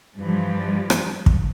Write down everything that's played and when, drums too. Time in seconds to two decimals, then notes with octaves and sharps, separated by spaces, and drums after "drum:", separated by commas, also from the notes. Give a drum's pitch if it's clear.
0.17 G2 E3 F3 G3
0.90 drum: rim click
1.26 drum: kick